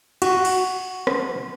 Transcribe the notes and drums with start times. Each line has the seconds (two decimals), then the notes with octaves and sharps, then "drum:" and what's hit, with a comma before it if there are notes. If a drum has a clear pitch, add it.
0.22 F#4, drum: cymbal
0.45 drum: cymbal
1.07 drum: rim click